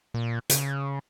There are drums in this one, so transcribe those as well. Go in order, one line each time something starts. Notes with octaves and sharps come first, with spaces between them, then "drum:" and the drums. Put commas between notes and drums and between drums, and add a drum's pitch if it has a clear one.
A#2
C#3, drum: hi-hat